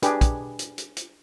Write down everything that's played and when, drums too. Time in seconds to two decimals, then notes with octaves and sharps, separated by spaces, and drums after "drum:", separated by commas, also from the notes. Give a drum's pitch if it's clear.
0.02 D4 G4 G#4 B4, drum: hi-hat
0.21 drum: kick, hi-hat
0.59 drum: hi-hat
0.78 drum: hi-hat
0.97 drum: hi-hat